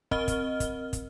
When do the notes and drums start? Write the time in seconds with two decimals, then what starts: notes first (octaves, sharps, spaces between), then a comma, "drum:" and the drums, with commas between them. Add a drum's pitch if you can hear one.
0.11 C4 A#4 D#5 F6 G7, drum: kick
0.28 drum: kick, hi-hat
0.60 drum: kick, hi-hat
0.93 drum: kick, hi-hat